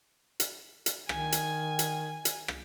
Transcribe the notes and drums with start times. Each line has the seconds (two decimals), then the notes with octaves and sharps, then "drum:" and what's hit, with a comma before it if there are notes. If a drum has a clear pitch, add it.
0.40 drum: hi-hat
0.86 drum: hi-hat
1.09 D#3 G#5, drum: rim click
1.32 drum: hi-hat
1.79 drum: hi-hat
2.25 drum: hi-hat
2.48 drum: rim click